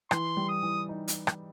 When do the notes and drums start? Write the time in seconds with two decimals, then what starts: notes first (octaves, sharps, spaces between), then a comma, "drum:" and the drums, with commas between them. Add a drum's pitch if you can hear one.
0.11 E3 C6, drum: rim click
0.37 G3
0.49 D#6
0.63 E3
0.89 D#4
1.08 drum: hi-hat
1.27 drum: rim click